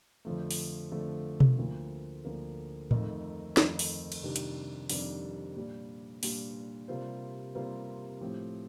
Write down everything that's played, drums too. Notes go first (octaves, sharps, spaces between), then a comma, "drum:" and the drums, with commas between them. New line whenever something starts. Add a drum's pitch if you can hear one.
F2 D3 F3 A3
drum: open hi-hat
F2 D3 F3 A3
drum: tom B2
D2 D3 F3 A#3
D2 D3 F3 A#3
F2 D#3 A3 D#4 A#4, drum: tom A2
F2 D#3 A3 D#4 A#4, drum: snare
drum: open hi-hat
drum: cymbal
F2 C3 D#3 G3 D4
drum: hi-hat
F2 C3 D#3 G3 D4, drum: open hi-hat
A#2 G3 D4
A#2 G3 D4, drum: open hi-hat
C3 G3 A#3 F4 C5
C3 G3 A#3 F4 C5
A2 F3 C4 G4